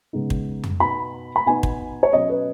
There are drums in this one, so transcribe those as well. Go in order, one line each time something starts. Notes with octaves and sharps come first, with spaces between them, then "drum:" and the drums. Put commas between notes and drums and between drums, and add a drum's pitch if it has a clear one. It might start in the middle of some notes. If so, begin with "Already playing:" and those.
C#3 G#3 B3 D#4
drum: kick
drum: tom F2
B2 B3 D#4 B5
B5
B2 B3 D#4 G#5
drum: kick
C#5
B2 F#3 C#4 D#5
B4